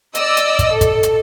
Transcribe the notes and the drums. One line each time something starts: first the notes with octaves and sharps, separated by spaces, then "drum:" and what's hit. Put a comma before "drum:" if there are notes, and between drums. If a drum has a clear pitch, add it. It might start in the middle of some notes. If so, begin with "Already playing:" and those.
D5 D#5 E6, drum: hi-hat
drum: hi-hat
drum: kick, hi-hat
A4
drum: kick, hi-hat
drum: hi-hat